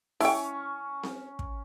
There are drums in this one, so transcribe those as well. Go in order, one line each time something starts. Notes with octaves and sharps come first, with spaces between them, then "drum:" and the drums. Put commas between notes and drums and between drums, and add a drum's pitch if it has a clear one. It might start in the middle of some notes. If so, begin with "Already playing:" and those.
C#4 E4 G5 C#6, drum: open hi-hat
drum: snare C4
drum: kick